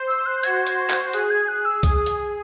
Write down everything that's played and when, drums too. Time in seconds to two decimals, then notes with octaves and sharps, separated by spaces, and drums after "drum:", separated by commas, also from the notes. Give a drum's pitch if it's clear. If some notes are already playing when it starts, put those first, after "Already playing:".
Already playing: C5
0.08 E6
0.26 F#6
0.43 F#4 G#6, drum: hi-hat
0.67 drum: hi-hat
0.90 drum: clap
1.13 G#4 F#6, drum: hi-hat
1.30 G#6
1.48 F#6
1.65 E6
1.83 D#6, drum: kick, hi-hat
2.06 drum: hi-hat